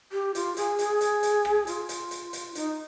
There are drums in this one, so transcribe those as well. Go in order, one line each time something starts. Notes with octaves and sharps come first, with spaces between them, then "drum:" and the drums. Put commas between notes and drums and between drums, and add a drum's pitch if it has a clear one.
G4
F4, drum: hi-hat
G#4, drum: hi-hat
G#4, drum: hi-hat
drum: hi-hat
drum: hi-hat
drum: rim click
F4, drum: hi-hat
drum: hi-hat
drum: hi-hat
drum: hi-hat
D#4, drum: hi-hat